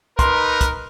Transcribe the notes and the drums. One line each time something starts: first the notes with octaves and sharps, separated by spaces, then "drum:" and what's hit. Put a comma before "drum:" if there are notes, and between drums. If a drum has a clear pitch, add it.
D#4 A#4 B4 C6, drum: kick, hi-hat
drum: kick, hi-hat